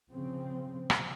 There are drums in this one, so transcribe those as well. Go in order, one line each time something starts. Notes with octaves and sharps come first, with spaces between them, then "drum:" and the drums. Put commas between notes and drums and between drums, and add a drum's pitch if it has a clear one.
C#3 F3 C4
drum: rim click